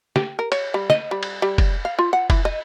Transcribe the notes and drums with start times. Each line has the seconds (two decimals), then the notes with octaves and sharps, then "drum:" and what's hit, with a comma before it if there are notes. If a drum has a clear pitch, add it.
0.16 G4, drum: snare
0.39 A#4
0.52 C#5, drum: cymbal
0.74 G3
0.90 D#5, drum: snare
1.11 G3
1.23 drum: cymbal
1.42 G3
1.58 drum: kick, cymbal
1.85 F5
1.99 F4
2.13 F#5
2.30 E3, drum: kick, cymbal
2.45 D#5